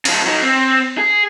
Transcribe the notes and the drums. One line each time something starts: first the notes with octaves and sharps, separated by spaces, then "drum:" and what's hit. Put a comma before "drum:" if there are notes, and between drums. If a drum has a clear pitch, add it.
C#3 F3, drum: cymbal
F#3 D#4
C4
G#4